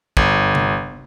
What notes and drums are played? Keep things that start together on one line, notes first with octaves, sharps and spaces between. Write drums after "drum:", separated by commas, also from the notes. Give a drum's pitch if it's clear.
G1, drum: kick
drum: tom C3